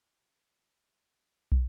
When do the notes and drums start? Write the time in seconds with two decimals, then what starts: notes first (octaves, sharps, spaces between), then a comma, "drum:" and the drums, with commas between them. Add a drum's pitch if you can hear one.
0.22 G#3 A4
0.65 B2
1.09 D#3 E5
1.52 F#3, drum: kick